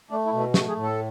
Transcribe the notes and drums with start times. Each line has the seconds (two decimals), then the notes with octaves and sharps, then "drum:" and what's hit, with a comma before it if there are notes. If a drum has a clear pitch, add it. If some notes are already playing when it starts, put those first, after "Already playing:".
0.11 A3 D4
0.25 E4
0.33 B2
0.40 E4
0.54 A3 F#4, drum: snare
0.68 G#4
0.76 A2
0.83 A4